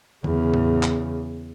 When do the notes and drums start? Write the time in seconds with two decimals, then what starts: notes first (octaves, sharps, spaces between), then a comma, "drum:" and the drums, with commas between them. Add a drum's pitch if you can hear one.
0.24 E2 C#3, drum: tom D3
0.54 drum: tom A2
0.83 drum: clap